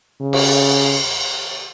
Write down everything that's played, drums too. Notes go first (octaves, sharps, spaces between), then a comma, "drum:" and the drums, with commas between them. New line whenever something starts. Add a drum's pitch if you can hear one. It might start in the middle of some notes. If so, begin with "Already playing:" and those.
C#3
drum: cymbal